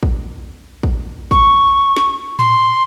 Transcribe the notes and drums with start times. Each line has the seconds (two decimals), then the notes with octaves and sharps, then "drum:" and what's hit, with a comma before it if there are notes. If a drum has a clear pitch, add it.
0.03 drum: kick
0.83 drum: kick
1.31 C#6, drum: kick
1.96 drum: snare
2.39 C6, drum: tom A2